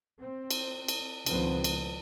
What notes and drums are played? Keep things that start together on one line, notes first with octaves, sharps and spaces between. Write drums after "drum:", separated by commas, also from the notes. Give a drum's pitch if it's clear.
C4
drum: cymbal
drum: cymbal
C#2 A#2 D#3 F3 B3 C4, drum: cymbal
drum: cymbal